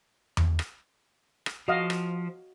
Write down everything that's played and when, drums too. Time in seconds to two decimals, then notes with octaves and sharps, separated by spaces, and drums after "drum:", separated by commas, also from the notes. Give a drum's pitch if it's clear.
0.37 drum: tom E2
0.59 drum: rim click
1.46 drum: rim click
1.68 F3 F#4 D#5 F5
1.90 drum: rim click